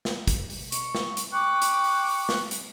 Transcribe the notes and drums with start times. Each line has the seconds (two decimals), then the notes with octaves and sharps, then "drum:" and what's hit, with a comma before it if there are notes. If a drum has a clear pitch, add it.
0.05 drum: snare
0.28 drum: kick, hi-hat
0.50 drum: open hi-hat
0.72 C#6, drum: hi-hat
0.95 drum: snare
1.17 drum: hi-hat
1.32 G5 C#6 D6 F#6
1.62 drum: hi-hat
1.84 drum: open hi-hat
2.06 drum: open hi-hat
2.29 drum: snare
2.51 drum: hi-hat